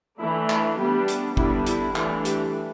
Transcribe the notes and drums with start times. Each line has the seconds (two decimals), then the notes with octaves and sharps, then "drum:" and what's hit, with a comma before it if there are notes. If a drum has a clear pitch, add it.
0.20 E3 A3 D4 E4
0.50 drum: clap
0.79 G3 B3 D4 G4
1.08 drum: hi-hat
1.37 D3 G3 B3 D4 E4, drum: kick
1.66 E4, drum: hi-hat
1.96 E3 A3 D4, drum: clap
2.25 G4, drum: hi-hat